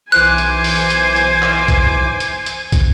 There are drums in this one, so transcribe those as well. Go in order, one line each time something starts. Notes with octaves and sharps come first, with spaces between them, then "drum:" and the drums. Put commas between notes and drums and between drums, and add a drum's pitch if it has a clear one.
B1 E3 C5 G#5 D6 F#6
drum: hi-hat
drum: open hi-hat
drum: hi-hat
drum: hi-hat
drum: clap
drum: kick, hi-hat
drum: hi-hat
drum: hi-hat
drum: kick, hi-hat